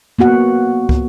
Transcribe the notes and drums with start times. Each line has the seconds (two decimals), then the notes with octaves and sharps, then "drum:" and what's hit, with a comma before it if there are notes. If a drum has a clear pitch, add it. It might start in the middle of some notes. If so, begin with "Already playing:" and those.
0.19 A#3 B3 F#4 F#5
0.89 drum: kick